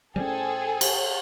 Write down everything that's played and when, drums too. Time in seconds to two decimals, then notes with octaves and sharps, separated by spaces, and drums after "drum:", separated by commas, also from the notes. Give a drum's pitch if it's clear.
0.16 A2 G3 G#3 C#4 G#4 A4 C5 G5
0.81 drum: cymbal